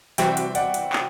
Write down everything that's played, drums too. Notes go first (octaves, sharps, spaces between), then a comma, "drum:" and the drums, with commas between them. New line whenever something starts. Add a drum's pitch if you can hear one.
C3 E3 G3 C4 F#4 E5 G5, drum: hi-hat
drum: hi-hat
D5 F#5, drum: hi-hat
drum: hi-hat
drum: clap